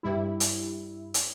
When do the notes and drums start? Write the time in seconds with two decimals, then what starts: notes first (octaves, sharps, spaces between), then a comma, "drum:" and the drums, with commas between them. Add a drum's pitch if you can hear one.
0.03 G2 G3 E4
0.40 drum: hi-hat
1.14 drum: hi-hat